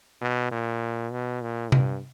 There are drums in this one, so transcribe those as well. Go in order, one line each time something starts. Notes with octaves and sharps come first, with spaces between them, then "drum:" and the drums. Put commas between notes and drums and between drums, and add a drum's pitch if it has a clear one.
B2
A#2
B2
A#2
G2, drum: tom C3